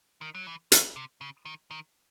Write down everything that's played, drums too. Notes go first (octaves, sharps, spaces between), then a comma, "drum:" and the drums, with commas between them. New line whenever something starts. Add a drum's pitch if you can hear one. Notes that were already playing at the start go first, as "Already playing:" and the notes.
D#3
F#3
E3
D#3, drum: hi-hat
C3
C#3
D#3
D#3